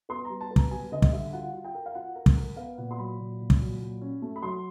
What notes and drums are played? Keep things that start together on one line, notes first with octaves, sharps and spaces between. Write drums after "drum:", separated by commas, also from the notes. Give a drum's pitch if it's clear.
B3 C6
A#5
G3
A5
B3
A#5, drum: kick
G3 G#5
D3 D#5
drum: kick
G3 E5
F4 F#5
F4
G5
A#4
F5
F4 F#5
A#4
drum: kick
A#4
B3 F5
A#2 F#5
C6
F#3 B5
A#2
A#2
drum: kick
F#3
A#2
C#4
A3
B5
F#3 C6